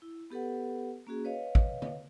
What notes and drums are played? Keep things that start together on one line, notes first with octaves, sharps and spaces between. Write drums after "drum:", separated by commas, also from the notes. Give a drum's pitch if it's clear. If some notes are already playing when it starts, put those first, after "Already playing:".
E4
B3 G4 A4 B4 F#5
A#3 C#4 F#4 G#4
B4 C#5 D#5 F5
drum: kick
drum: tom D3